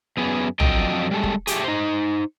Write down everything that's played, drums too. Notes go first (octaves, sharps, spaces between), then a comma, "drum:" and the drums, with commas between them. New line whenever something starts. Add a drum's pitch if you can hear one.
F#2 B3 G#4
F2 D3 F#3 A4 D#5 G5, drum: tom A#1
G3 G#3 A4
drum: kick
A3 G4 G#4, drum: hi-hat
D#4 C5